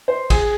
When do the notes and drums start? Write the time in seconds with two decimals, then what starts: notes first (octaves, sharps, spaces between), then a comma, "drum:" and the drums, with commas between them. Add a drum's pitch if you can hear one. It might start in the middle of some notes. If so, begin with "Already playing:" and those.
0.08 C5
0.30 G#4, drum: kick, cymbal